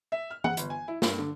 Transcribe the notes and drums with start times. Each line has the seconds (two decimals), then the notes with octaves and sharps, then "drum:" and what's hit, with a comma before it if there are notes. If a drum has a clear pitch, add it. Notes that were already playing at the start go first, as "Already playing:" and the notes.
0.12 E5
0.30 F6
0.44 F#5, drum: tom E3
0.57 G1, drum: hi-hat
0.70 G#5
0.88 E4
1.02 G2, drum: snare
1.18 D3